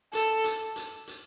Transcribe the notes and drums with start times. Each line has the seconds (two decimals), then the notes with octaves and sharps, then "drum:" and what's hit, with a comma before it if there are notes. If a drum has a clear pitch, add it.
0.13 A4, drum: hi-hat
0.44 drum: hi-hat
0.76 drum: hi-hat
1.08 drum: hi-hat